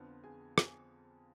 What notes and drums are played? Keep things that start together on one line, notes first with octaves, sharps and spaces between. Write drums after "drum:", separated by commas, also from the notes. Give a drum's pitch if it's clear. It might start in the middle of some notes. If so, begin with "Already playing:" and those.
Already playing: F2 D3 F3 B3 F4
G#4 G#5
drum: rim click